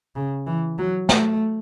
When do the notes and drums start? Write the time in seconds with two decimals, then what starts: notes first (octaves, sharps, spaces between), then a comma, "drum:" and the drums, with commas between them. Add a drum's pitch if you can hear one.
0.15 C#3
0.47 E3
0.78 F#3
1.09 A3, drum: snare